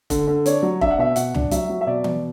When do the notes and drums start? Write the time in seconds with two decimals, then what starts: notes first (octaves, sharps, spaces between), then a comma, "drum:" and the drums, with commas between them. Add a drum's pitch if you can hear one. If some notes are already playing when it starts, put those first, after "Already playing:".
0.10 D3, drum: kick F1, hi-hat
0.27 D3
0.46 D4 C#5, drum: hi-hat
0.63 F#3
0.81 D4 E5, drum: kick F1
0.91 F#5
0.98 B2 E5
1.16 B2 F#5, drum: hi-hat
1.34 D4, drum: tom C#2
1.51 F#3 E5, drum: hi-hat
1.69 F#3
1.81 E5
1.87 B2 D5
2.04 B2, drum: tom E3